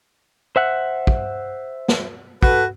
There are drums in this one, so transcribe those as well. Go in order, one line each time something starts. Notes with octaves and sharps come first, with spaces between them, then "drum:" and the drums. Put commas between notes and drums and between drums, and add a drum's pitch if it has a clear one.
C5 E5 F#5
drum: kick
drum: snare
F#4 A4 B4, drum: kick